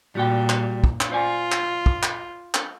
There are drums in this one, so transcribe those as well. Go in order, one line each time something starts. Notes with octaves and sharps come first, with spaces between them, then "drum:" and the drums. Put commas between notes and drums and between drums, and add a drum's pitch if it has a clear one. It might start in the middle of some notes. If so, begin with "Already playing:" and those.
A#2 G3 F#4 G5
drum: clap
drum: kick
drum: clap
F4 C5 D5 G#5
drum: clap
drum: kick
drum: clap
drum: clap